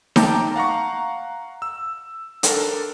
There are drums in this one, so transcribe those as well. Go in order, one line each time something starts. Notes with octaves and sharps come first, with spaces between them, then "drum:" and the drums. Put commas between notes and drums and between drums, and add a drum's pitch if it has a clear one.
G5 A5 A#5 D6 G6, drum: snare D#4
F5 F#5 A#5 C#6
E6
D4 A4 A#4, drum: hi-hat